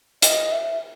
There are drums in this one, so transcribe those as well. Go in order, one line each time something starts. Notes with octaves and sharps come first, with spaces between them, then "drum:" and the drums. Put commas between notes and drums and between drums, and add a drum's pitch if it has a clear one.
D#5, drum: hi-hat
E5